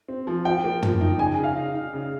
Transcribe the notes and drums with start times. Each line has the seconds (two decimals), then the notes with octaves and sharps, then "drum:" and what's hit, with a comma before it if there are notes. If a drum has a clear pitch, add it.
0.08 C4
0.27 F3
0.45 F3 G5
0.64 A#3
0.82 F3, drum: tom
1.01 D#4
1.19 C#3 G#5
1.38 C#3
1.44 F5
1.57 D#4
1.75 D#4
1.93 C#3